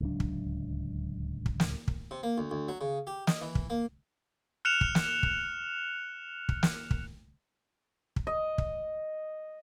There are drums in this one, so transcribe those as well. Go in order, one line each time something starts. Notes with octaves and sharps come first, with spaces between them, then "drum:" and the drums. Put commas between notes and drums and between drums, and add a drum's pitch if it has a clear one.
D1 C#2 F#3 D4
drum: kick
drum: kick
drum: snare
drum: kick
C3
A#3
D2
D2
F#3
C#3
G4
D#5, drum: snare
E3
drum: kick
A#3
F6 F#6 C#7 E7 F7
drum: kick
drum: snare
drum: kick
drum: kick
drum: snare
drum: kick
drum: kick
D#5
drum: kick